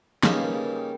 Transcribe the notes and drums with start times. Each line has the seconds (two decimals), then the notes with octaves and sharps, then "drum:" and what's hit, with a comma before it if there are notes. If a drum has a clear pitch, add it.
0.23 C#3 G3 A#3 D#4 G#4, drum: snare
0.34 B4
0.44 A#4
0.55 G#4
0.65 A#4
0.76 G5